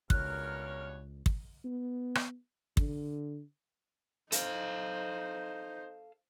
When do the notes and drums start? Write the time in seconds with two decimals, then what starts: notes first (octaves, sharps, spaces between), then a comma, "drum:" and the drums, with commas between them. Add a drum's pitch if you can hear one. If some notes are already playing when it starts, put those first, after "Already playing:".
0.10 C#2 G2 B2 A#4 C#5 F6 F#6, drum: kick
1.26 drum: kick
1.65 B3
2.15 drum: rim click
2.77 D3, drum: kick
4.32 D#4 A4 C5 F5, drum: hi-hat